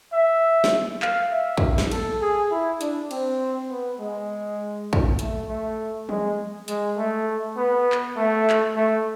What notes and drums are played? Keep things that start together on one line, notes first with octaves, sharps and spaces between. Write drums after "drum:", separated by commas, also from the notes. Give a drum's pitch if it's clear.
E5
drum: snare
F5, drum: clap
E5
drum: kick
drum: snare
A4, drum: cymbal
G#4
E4
D4, drum: hi-hat
C4, drum: cymbal
B3
G#3
drum: kick
A3, drum: hi-hat
A3
G#3, drum: tom E3
G#3, drum: hi-hat
A3
B3
drum: clap
A3
drum: clap
A3